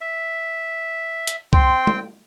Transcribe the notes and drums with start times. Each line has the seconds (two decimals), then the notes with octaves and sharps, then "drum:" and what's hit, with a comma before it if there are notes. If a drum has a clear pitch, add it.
0.01 E5
1.27 drum: hi-hat
1.53 C4 G5 C6, drum: kick C2
1.87 drum: tom